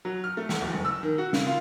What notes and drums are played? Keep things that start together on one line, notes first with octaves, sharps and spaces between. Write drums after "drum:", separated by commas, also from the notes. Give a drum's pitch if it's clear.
F#3
F6
A3
E2, drum: snare
D1
F#1
E6
D#3
F#4
C#3, drum: snare
F4